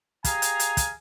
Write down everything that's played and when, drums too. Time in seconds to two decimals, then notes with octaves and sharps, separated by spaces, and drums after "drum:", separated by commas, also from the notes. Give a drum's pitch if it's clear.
0.25 G4 G#4 F5 G#5 A#5, drum: kick, hi-hat
0.42 drum: hi-hat
0.60 drum: hi-hat
0.77 drum: kick, hi-hat